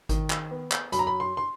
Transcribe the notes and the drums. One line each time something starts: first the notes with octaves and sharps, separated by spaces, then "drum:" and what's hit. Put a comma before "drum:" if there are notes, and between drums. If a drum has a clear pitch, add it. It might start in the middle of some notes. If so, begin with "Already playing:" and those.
D#3, drum: kick G#1, hi-hat
drum: clap
B3
drum: clap
F#2 B5, drum: hi-hat
A#5
B5
C6
C6